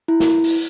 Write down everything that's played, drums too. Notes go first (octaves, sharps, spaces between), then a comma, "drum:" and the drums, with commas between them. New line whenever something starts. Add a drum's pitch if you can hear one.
E4
drum: snare
drum: open hi-hat